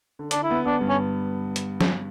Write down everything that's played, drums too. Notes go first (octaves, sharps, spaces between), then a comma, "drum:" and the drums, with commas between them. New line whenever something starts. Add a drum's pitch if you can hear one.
D3
D3 D4, drum: hi-hat
E4
B3
B3 D4
G2
C#4
drum: hi-hat
drum: snare